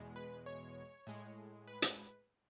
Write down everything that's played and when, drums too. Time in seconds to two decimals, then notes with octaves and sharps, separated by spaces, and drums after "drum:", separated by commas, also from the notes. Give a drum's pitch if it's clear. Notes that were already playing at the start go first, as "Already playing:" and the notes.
Already playing: E2 B2 G#3
0.16 B4
0.46 C#5
1.07 A2 G#3
1.67 B4
1.82 drum: hi-hat